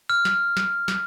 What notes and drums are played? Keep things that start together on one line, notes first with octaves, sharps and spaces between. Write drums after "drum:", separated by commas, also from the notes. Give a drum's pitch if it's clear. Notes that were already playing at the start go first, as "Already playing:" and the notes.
F6
drum: snare
drum: snare
drum: snare